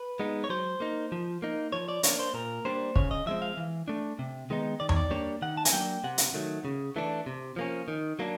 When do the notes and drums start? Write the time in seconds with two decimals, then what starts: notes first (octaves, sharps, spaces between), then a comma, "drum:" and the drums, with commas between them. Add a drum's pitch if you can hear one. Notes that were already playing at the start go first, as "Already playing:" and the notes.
Already playing: B4
0.20 G#3 B3 D#4
0.44 C#5
0.50 F#3 C5
0.80 A#3 D#4
1.12 F3
1.42 A#3 D#4
1.72 F3 C#5
1.88 D5
2.03 A#3 D4 C#5, drum: hi-hat
2.19 C5
2.34 A#2 A#4
2.65 G3 A#3 D4 C5
2.96 C#3 C#5, drum: kick
3.11 D#5
3.26 F3 G#3 C4 E5
3.42 F5
3.57 E3
3.88 A3 D4
4.19 C3
4.50 D#3 G#3 B3 D#4
4.80 D#3 D5
4.89 C#5, drum: tom E2
4.96 D5
5.10 G3 A#3 D4 C#5
5.42 D#3 F#5
5.57 A5
5.65 G#5, drum: hi-hat
5.72 F#3 A#3 D4 G5
6.04 C3 F#5
6.18 drum: hi-hat
6.34 D#3 F#3 A3
6.65 C#3
6.96 E3 A3 D4
7.26 C3
7.56 F3 A#3 C#4
7.88 D#3
8.19 F#3 A#3 D4